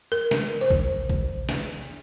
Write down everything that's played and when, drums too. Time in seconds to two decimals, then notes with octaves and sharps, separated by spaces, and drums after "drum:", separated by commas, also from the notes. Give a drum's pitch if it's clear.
0.12 A#4
0.31 drum: snare
0.61 C5
0.70 drum: kick
1.10 drum: kick
1.49 drum: snare